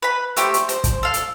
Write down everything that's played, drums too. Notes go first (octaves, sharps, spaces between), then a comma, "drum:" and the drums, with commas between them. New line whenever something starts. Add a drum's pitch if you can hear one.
B4 B5
A3 G4 C5, drum: hi-hat
drum: hi-hat
C5, drum: hi-hat
drum: kick, hi-hat
A4 F5
drum: hi-hat